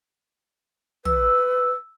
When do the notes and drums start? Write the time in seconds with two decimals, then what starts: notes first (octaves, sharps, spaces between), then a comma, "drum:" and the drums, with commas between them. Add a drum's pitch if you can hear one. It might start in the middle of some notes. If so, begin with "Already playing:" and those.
1.05 B4 E6, drum: tom